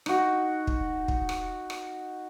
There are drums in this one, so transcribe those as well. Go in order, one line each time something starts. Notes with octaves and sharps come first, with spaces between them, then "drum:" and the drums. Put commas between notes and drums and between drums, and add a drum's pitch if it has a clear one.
D#4 F#4, drum: rim click
drum: kick
drum: kick
drum: rim click
drum: rim click